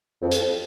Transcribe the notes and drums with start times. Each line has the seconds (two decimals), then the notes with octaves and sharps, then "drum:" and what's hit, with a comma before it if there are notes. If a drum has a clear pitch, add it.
0.22 F2
0.31 drum: hi-hat